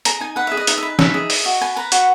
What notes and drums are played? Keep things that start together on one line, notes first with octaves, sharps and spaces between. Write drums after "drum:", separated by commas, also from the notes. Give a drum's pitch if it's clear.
G#4 A#5, drum: hi-hat
D#4 G#5
B4 F#5
E5
G#4
D#5
D#4 E5, drum: hi-hat
E5
B4
D#4 E5, drum: snare
G#4
D#5, drum: open hi-hat
F#4
B4 G#5
B4 A#5
F#4 F#5, drum: hi-hat